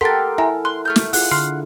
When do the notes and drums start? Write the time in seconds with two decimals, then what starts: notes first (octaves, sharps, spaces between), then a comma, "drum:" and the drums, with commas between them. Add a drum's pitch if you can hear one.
0.01 G4 A4 A#4 F#5 C6 A6 B6
0.38 E4 E5 G#5 A#5
0.65 C6 F#6
0.85 A3 F6 G6
0.96 drum: snare
1.13 E4 F4 G#4 F#5, drum: open hi-hat
1.31 D3 C6 F6 C7